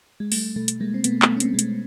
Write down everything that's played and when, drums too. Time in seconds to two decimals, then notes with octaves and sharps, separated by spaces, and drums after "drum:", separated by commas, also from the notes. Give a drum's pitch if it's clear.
0.20 G#3
0.32 G3 A3, drum: open hi-hat
0.56 B2 A3
0.68 drum: hi-hat
0.80 G3 G#3 A#3
0.94 C4
1.04 B2 A3 B3, drum: hi-hat
1.22 A3 B3, drum: clap
1.29 G3
1.37 C#4
1.40 A#3 C4, drum: hi-hat
1.53 B2 G#3
1.59 A3, drum: hi-hat